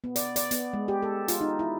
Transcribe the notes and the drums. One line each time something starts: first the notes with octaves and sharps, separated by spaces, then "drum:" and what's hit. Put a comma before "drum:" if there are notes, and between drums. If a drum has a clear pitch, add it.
B3
D5, drum: hi-hat
D5, drum: hi-hat
B3, drum: hi-hat
G#3
G4
A4
F4, drum: hi-hat
D#4
E4